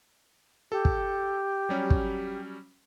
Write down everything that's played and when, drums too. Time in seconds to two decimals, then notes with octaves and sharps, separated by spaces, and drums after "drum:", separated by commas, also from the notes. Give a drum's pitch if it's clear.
0.72 G4 A4
0.85 drum: kick
1.69 F#3 G3 C#4
1.90 drum: kick